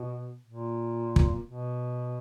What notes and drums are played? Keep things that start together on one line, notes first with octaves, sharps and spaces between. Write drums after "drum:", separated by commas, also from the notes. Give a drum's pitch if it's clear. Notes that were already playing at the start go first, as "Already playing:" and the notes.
Already playing: B2
A#2
drum: kick
B2